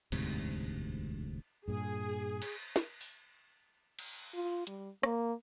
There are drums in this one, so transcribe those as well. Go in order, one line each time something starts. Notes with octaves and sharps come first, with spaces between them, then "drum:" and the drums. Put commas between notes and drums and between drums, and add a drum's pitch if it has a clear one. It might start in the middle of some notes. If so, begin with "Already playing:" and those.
E1 D2 G#2 C3, drum: cymbal
G2 A#2 G#4
drum: cymbal
drum: snare
drum: open hi-hat
drum: cymbal
F4
G3, drum: hi-hat
A#3, drum: rim click